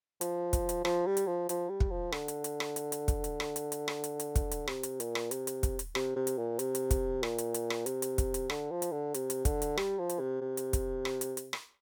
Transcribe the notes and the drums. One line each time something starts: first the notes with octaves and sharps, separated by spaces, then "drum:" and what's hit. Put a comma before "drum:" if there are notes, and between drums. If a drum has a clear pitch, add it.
F3, drum: hi-hat
drum: kick, hi-hat
drum: hi-hat
F3, drum: rim click
G3
drum: hi-hat
F3
F3, drum: hi-hat
G3
drum: kick
F3
D3, drum: rim click
drum: hi-hat
drum: hi-hat
drum: rim click
drum: hi-hat
drum: hi-hat
drum: kick, hi-hat
drum: hi-hat
drum: rim click
drum: hi-hat
drum: hi-hat
drum: rim click
drum: hi-hat
drum: hi-hat
drum: kick, hi-hat
drum: hi-hat
C3, drum: rim click
drum: hi-hat
A#2, drum: hi-hat
drum: rim click
C3, drum: hi-hat
drum: hi-hat
drum: kick, hi-hat
drum: hi-hat
C3, drum: rim click
C3
drum: hi-hat
A#2
C3, drum: hi-hat
drum: hi-hat
drum: kick, hi-hat
A#2, drum: rim click
drum: hi-hat
drum: hi-hat
drum: rim click
C3, drum: hi-hat
drum: hi-hat
drum: kick, hi-hat
drum: hi-hat
D3, drum: rim click
F3
drum: hi-hat
D3
C3, drum: hi-hat
drum: hi-hat
D3, drum: kick, hi-hat
drum: hi-hat
G3, drum: rim click
F3
drum: hi-hat
C3
C3
drum: hi-hat
drum: kick, hi-hat
drum: rim click
drum: hi-hat
drum: hi-hat
drum: rim click